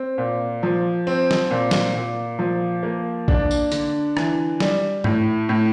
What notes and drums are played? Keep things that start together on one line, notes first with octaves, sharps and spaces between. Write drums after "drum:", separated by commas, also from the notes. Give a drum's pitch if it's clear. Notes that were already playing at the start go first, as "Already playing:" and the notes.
Already playing: C4
A#2
F3
C4
drum: snare
A#2
drum: snare
A#2
F3
A#3
D4, drum: kick A#1
drum: tambourine
D3, drum: hi-hat
E3, drum: rim click
G3, drum: snare
A2, drum: tom G#2
A2